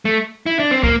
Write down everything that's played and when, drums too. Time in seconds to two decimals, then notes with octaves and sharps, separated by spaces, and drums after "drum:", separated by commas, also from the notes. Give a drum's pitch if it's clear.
0.05 A3
0.46 E4
0.59 D4
0.71 C4
0.83 A#3, drum: kick